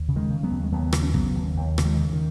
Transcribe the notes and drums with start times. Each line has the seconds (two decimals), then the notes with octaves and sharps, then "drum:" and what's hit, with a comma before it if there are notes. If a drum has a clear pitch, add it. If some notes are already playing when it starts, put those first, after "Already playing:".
Already playing: D#2
0.08 C#3
0.16 D#3 G#3
0.30 C#3
0.43 F#3 B3
0.50 D#2
0.64 G#3
0.72 D#2 F#3 B3
0.93 C#3, drum: rim click
1.03 C#4
1.14 C#3 F#3 B3, drum: kick
1.35 D#2
1.57 D#2
1.78 C#3, drum: rim click
1.85 D#3 G#3
1.98 C#3
2.13 D#3